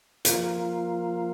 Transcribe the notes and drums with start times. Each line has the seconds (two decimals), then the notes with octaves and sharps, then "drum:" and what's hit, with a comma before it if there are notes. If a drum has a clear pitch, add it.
0.25 F3 A#3 F4, drum: hi-hat